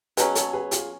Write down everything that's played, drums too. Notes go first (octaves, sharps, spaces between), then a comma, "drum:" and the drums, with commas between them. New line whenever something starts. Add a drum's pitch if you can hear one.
B2 F#3 C#4 G#4 B4, drum: hi-hat
A4 C#5, drum: hi-hat
G#4 B4
F4 G#4, drum: hi-hat